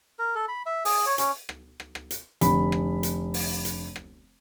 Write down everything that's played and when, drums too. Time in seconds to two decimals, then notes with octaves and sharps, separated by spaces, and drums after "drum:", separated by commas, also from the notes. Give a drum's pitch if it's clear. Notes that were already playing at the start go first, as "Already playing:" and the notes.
0.19 A#4
0.35 A4
0.48 B5
0.66 E5
0.85 G#4, drum: open hi-hat
1.06 C#5
1.18 C#4, drum: hi-hat
1.49 drum: rim click
1.80 drum: rim click
1.95 drum: rim click
2.11 drum: hi-hat
2.41 F1 D3 B5, drum: hi-hat
2.72 drum: rim click
3.03 drum: hi-hat
3.34 drum: open hi-hat
3.65 drum: hi-hat
3.96 drum: rim click